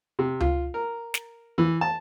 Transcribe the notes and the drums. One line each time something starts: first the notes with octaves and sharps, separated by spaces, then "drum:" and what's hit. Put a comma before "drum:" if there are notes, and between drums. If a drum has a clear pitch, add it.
C3
F4, drum: tom C#2
A#4
drum: snare
E3
A5